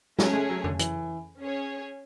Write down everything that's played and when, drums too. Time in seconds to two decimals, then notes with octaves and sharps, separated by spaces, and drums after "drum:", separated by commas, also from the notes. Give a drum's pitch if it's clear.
0.19 F#3 A3 C#4 G#4 C#5, drum: snare
0.33 G#3
0.49 F#3
0.64 D3, drum: tom F2
0.79 E3, drum: hi-hat
1.39 C#4 G#4 C#5